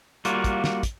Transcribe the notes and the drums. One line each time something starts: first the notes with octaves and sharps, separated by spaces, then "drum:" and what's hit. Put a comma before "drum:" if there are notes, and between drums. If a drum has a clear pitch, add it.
G3 A#3 F4 F#4, drum: hi-hat
drum: kick, hi-hat
drum: snare
drum: kick, hi-hat